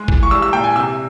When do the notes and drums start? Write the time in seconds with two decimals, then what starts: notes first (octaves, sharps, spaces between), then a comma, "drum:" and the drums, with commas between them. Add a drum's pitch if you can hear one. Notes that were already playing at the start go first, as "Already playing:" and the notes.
Already playing: G#3
0.08 E3, drum: kick
0.23 C#6
0.31 G3 E6
0.42 E6
0.53 A#2 G5
0.64 G#5
0.75 C3 E6